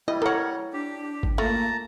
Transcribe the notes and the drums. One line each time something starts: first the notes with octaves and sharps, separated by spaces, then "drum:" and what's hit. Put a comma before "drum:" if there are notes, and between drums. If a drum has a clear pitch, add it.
G3 E4 D#5
A4 A#4 C#5 F#5
D4 G4
G4
drum: kick
A3 A#3 F4 A5 A#5